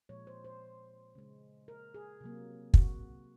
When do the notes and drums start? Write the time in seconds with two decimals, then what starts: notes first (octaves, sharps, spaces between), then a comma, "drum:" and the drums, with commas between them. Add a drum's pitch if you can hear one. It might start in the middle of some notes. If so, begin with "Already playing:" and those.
0.09 A#2 F3 G#3 C#5
0.27 C5
0.44 C5
1.15 C#3 G#3
1.68 A#4
1.94 G#4
2.21 C3 F#3 A#3
2.74 F#4, drum: kick